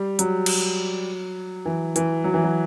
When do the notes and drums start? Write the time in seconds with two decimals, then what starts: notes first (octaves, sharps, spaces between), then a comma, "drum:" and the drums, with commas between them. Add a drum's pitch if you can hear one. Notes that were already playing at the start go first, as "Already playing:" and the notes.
Already playing: G3
0.19 F#3, drum: hi-hat
0.46 drum: cymbal
1.66 E3
1.96 E3, drum: hi-hat
2.24 F#3
2.34 E3
2.43 F#3